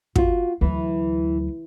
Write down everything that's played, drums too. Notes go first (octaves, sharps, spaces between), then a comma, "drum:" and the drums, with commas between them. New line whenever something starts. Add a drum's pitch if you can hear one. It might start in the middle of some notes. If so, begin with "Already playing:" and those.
F4 F#4, drum: kick
D2 E3 F#3